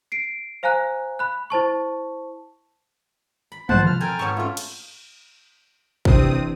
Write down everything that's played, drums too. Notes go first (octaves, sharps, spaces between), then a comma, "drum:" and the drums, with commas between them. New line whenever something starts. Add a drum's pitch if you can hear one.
C7 D7
C5 F5 G#5 A#5 F#6
B5 F#6
E4 C5 A5 C#6
B5
B1 G#2 F3 C5 F#5 A5, drum: tom
F3 F6
C4 A4 A#4 G5 G#5 F6
G#2 B3 F#4 C#5 A5 C#6
A3 C4 C#4 F4
drum: cymbal
C3 E3 C4 D4 D#6, drum: kick